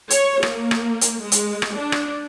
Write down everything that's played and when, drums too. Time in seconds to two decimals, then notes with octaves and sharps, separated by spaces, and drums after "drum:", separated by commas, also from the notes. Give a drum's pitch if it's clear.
0.10 C#5, drum: hi-hat
0.43 A#3, drum: rim click
0.71 drum: rim click
1.01 drum: hi-hat
1.22 G#3
1.32 drum: hi-hat
1.62 drum: rim click
1.75 D4
1.92 drum: rim click